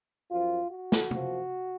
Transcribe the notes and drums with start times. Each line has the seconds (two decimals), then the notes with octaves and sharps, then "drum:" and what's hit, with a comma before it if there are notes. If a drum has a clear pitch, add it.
0.30 F#2 F3 F4
0.71 F#4
0.92 drum: snare
1.11 F#2 F3, drum: tom C3